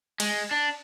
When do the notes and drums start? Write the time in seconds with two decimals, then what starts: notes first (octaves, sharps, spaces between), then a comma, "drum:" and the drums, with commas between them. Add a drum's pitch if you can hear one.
0.20 G#3, drum: cymbal
0.51 D4